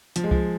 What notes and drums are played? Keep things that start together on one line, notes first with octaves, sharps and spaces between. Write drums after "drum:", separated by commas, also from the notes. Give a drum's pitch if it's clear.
F3, drum: hi-hat
G#3
F3, drum: kick C2